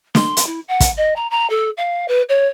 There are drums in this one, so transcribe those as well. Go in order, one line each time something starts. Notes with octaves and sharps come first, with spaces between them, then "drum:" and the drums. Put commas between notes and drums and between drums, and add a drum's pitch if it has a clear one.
C6, drum: snare
drum: hi-hat
E4
F#5
drum: kick, hi-hat
D#5
A#5
A#5
A4
F5
B4
C#5